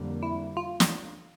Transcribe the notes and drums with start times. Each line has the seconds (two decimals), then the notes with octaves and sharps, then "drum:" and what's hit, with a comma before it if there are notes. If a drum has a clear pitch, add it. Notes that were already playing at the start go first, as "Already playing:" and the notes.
Already playing: F2 D3 G3 A#3
0.23 E4
0.57 F4
0.80 drum: snare